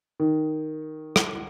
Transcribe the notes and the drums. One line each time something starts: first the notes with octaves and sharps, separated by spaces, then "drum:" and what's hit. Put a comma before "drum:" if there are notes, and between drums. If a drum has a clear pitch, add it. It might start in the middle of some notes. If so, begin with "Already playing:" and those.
D#3
drum: rim click